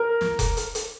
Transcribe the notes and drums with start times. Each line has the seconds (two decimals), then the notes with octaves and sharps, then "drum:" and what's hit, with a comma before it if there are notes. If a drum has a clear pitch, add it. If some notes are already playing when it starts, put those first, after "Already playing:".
Already playing: A#4
0.21 drum: snare
0.39 drum: kick F1, hi-hat
0.57 drum: hi-hat
0.75 drum: hi-hat